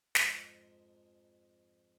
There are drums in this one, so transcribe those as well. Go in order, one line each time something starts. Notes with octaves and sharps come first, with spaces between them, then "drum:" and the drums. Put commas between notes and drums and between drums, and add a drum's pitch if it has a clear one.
F2 G#2, drum: snare